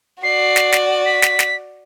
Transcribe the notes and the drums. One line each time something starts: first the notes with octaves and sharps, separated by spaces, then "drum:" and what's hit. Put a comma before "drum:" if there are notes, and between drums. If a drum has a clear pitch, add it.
F#4 D5 C7
drum: snare
drum: snare
B6
drum: snare
drum: snare